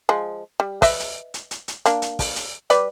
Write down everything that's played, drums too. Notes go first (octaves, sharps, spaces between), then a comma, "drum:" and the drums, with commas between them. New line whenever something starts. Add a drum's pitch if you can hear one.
F3 G#3
G3
B4 D#5 E5, drum: kick, open hi-hat
drum: hi-hat
drum: hi-hat
drum: hi-hat
drum: hi-hat
A#3 D4, drum: hi-hat
drum: hi-hat
drum: kick, open hi-hat
drum: hi-hat
G3 B4 D5, drum: hi-hat